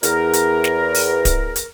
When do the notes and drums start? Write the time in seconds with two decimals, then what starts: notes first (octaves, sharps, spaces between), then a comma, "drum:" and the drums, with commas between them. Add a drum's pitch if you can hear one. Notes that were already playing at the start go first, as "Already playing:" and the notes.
0.03 E2 A#4, drum: hi-hat
0.33 drum: hi-hat
0.64 drum: snare
0.94 drum: open hi-hat
1.25 drum: kick D1, hi-hat
1.56 drum: hi-hat